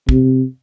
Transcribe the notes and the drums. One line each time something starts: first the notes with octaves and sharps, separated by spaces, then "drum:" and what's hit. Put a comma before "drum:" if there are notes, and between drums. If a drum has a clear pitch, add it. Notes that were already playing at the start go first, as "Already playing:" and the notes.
C3, drum: kick